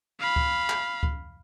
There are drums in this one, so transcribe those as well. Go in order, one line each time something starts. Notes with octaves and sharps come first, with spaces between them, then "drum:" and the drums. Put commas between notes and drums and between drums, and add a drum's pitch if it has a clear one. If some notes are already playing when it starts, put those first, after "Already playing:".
F5 B5
drum: kick C#2
drum: clap
drum: kick C#2